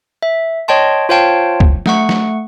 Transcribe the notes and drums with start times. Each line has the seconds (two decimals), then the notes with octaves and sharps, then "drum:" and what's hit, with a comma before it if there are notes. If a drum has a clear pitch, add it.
0.23 E5
0.68 C#5 D#5 G5 A5 C6
1.09 F4 C5 C#5 F5 G5 A5
1.60 drum: kick
1.86 A3 F#5 C#6, drum: snare
2.09 drum: snare